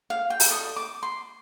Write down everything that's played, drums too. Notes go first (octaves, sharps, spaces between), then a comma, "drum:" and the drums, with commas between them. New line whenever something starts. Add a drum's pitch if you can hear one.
F5
G5
drum: open hi-hat
A4 D5 D#6
D6
C6